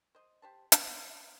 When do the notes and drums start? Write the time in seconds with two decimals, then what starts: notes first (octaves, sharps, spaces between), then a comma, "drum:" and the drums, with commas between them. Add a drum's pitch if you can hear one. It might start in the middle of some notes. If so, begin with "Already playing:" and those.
0.15 C5 D#5
0.42 G4 C5 A5
0.72 E5, drum: hi-hat
0.94 D5